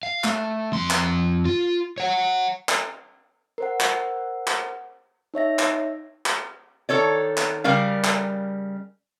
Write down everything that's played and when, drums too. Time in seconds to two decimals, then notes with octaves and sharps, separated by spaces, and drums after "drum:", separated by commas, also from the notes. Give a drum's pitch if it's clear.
0.03 F5
0.24 A3, drum: clap
0.72 F2 C6
0.90 drum: clap
1.45 F4
1.98 C#5 F#5
2.69 drum: clap
3.58 A#4 C5 F#5
3.80 drum: clap
4.47 drum: clap
5.34 D#4 C#5 E5 A#6
5.59 drum: clap
6.26 drum: clap
6.89 D#3 A4 C#5 D5
7.37 drum: clap
7.64 C#3 G3 A#4 D5 F5
8.04 drum: clap